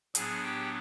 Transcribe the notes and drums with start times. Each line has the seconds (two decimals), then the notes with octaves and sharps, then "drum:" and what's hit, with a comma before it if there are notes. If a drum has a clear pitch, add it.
0.15 A2 F#3 B3 D4 G#4 G#5, drum: hi-hat
0.43 G4 G5